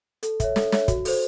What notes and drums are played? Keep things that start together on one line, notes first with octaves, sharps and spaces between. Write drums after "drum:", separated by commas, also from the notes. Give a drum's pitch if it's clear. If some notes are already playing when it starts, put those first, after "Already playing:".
A4, drum: hi-hat
C#5 E5, drum: kick, hi-hat
A4, drum: snare
C#5 E5, drum: snare
F#4, drum: kick, hi-hat
A4 C5, drum: open hi-hat